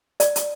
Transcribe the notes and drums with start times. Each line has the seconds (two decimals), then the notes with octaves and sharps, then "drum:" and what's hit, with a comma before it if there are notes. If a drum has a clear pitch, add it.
0.20 D5, drum: hi-hat
0.36 drum: hi-hat